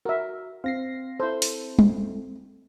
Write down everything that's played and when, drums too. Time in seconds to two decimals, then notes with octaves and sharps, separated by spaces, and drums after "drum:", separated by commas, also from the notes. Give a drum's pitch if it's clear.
0.05 F#4 A#4 E5
0.64 C4 F5 A#6 C7
1.20 E4 A4 C5
1.42 drum: open hi-hat
1.79 drum: tom G3